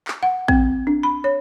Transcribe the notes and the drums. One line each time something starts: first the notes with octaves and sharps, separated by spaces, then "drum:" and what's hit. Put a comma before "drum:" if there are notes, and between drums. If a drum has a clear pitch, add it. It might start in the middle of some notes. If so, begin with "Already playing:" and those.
drum: clap
F#5
C4, drum: kick A1
D4
B5
C#5